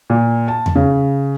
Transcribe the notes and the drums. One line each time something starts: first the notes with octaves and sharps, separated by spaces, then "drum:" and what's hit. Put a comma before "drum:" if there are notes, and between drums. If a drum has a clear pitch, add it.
A#2
A5
drum: tom E2
C#3